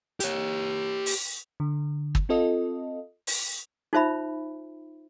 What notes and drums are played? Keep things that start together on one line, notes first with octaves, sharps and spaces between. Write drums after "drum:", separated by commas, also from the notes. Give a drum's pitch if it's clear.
G4 C#5, drum: hi-hat
drum: open hi-hat
D3
drum: kick
C4 F4 A4 D#5
drum: open hi-hat
D#4 F4 C5 E5 B5